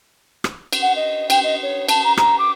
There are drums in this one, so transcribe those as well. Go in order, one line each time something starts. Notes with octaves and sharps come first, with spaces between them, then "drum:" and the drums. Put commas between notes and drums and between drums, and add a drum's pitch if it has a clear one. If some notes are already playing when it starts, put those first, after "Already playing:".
drum: rim click
drum: cymbal
F#5
D#5
G5, drum: cymbal
D#5
C#5
A5, drum: cymbal
A#5
A#5, drum: rim click
D6